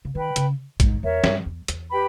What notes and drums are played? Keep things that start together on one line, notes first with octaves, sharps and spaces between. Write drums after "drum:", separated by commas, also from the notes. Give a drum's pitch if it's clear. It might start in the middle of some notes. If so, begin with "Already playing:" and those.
C#3
D#3 B4 G5 B5
C#3, drum: hi-hat
G#2, drum: kick A#1, hi-hat
E2 A#4 C#5 E5
G2, drum: snare
E2
E2, drum: hi-hat
G4 B4 G5 B5